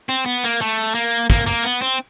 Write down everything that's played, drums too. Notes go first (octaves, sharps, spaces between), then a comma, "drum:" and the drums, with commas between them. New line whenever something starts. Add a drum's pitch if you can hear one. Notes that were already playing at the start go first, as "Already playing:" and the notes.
C4
B3
A#3
A3
A#3
A#3, drum: kick
A#3
B3
C4